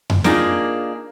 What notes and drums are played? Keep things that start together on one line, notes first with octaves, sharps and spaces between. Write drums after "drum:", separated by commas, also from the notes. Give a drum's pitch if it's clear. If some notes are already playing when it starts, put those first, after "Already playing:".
drum: tom F2
A#3 D4 D#4 F4 G#4, drum: snare